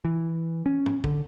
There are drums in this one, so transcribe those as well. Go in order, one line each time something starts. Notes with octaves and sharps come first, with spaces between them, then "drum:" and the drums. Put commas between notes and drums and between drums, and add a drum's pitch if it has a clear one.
E3
C#4
drum: tom
D3, drum: kick